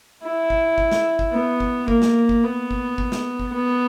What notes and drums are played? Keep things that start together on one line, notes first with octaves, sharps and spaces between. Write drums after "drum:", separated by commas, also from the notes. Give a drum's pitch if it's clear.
E4
drum: kick
drum: kick
drum: snare
drum: kick
B3
drum: kick
A#3, drum: kick
drum: snare
drum: kick
B3
drum: kick
drum: kick
drum: snare
drum: kick
B3